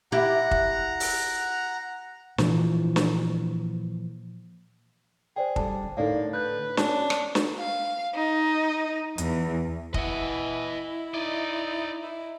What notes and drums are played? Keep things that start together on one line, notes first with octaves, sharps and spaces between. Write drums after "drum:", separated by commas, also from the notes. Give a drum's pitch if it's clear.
E4 G4 F#5 A#5
drum: kick
drum: open hi-hat
A#2 E3 F3, drum: snare
drum: snare
G#4 C5 D5 G5
D3 G3 A5, drum: kick
A2 D3 A#3 D#4 D5 F5
B4 F#6 G6
C#4 D4, drum: snare
drum: rim click
drum: snare
F5
D#4
E2, drum: hi-hat
E3 E4 D#5 F#5, drum: kick
D#4 D5 D#5
E4